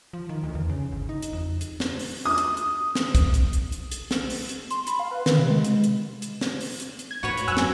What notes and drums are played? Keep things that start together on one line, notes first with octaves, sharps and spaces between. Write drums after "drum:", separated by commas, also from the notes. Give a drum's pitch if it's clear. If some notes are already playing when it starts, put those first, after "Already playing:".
F3
D#3
D2
E2
C#3
G1
D#4
drum: hi-hat
F2
drum: hi-hat
drum: snare
drum: open hi-hat
D#6
drum: hi-hat
drum: hi-hat
drum: snare
drum: kick, hi-hat
drum: hi-hat
drum: hi-hat
drum: hi-hat
drum: hi-hat
drum: snare
drum: open hi-hat
drum: hi-hat
C6, drum: hi-hat
B5, drum: hi-hat
F5
B4
D#3, drum: snare
C3
G#3
drum: hi-hat
drum: hi-hat
drum: hi-hat
drum: snare
drum: open hi-hat
drum: hi-hat
drum: hi-hat
G#6
A2 F#4 B4 C#5
drum: hi-hat
F#2 A#2 G#5 E6 F#6
drum: snare